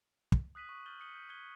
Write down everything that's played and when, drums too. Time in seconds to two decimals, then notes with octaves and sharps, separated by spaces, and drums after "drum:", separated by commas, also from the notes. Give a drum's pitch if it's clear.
0.32 drum: kick
0.55 D#6 F#6 B6 D#7 F#7
0.69 C#6 D#6
0.86 F6 G6 A6 F#7 G7
1.00 D#6 C#7 G7
1.15 G6
1.29 F#6 G#6 C#7 G7